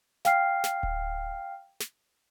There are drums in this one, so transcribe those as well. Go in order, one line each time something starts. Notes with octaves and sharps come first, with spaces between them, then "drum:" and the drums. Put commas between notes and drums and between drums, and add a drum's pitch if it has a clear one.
F5 G5 F6 C7, drum: snare
drum: snare
drum: kick D1
drum: snare